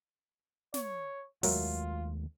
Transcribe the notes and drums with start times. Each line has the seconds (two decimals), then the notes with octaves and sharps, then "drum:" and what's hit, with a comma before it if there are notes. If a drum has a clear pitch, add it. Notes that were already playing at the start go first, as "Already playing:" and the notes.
0.74 C#5, drum: snare
1.43 D#2 F#3 G#3 A3 F4 A#4 E5, drum: open hi-hat